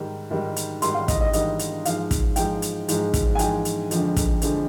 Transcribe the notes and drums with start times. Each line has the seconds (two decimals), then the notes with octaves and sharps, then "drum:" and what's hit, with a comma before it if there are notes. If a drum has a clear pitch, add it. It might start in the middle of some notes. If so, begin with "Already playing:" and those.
Already playing: G#2 D#3 G3
0.31 G#2 D#3 G3
0.56 drum: hi-hat
0.82 G#2 D#3 G3 C6, drum: hi-hat
0.94 F5
1.08 D#5, drum: kick, hi-hat
1.21 D#5
1.33 G#2 D#3 G3 D#5, drum: hi-hat
1.59 drum: hi-hat
1.85 G#2 F3 G#3 F5, drum: hi-hat
2.11 drum: kick, hi-hat
2.36 G#2 F3 G#3 G5, drum: hi-hat
2.62 drum: hi-hat
2.88 G#2 F3 G#3, drum: hi-hat
3.14 drum: kick, hi-hat
3.35 G#5
3.39 G#2 F3 G#3 G5, drum: hi-hat
3.65 drum: hi-hat
3.91 F2 D3 F3 G#3, drum: hi-hat
4.16 drum: kick, hi-hat
4.42 F2 D3 F3 G#3, drum: hi-hat